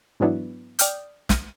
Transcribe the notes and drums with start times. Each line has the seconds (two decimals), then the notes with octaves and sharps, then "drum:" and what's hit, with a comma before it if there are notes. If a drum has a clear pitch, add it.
0.20 G#2 E3 F#3 B3 D4 E4
0.79 D5 G5 D#6 F6 G6, drum: hi-hat
1.29 drum: snare